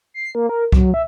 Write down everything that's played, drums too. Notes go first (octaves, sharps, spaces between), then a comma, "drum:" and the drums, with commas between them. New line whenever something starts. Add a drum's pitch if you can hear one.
C7
A#3
A#4
F#3, drum: kick C2
E5